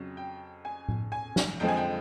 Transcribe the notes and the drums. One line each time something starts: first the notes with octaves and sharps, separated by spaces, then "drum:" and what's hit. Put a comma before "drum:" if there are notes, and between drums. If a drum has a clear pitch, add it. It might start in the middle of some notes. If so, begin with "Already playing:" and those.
Already playing: F2 C#3 F#3
G5
G#5
drum: tom A2
G#5
drum: snare
F2 D3 F3 G#3 G5
G#5
G5